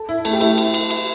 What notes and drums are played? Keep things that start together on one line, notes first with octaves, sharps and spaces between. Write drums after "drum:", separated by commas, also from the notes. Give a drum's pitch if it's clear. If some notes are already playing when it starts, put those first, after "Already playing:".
Already playing: A4
E4
A3 A4, drum: cymbal
G4
A3 E4, drum: cymbal
drum: cymbal
drum: cymbal
drum: cymbal